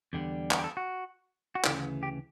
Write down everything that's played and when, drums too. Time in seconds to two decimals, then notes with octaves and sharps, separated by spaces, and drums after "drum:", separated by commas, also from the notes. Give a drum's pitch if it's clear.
0.13 E2 D3 G3
0.51 B3, drum: clap
0.58 G4
0.64 A4
0.77 F#4
1.55 F#4
1.64 D2 C#3 E3 G4, drum: clap
2.03 G4